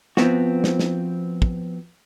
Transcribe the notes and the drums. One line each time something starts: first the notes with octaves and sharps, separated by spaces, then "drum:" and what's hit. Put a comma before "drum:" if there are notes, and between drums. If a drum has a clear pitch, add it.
F3 B3 C4 F#4, drum: snare
drum: snare
drum: snare
drum: kick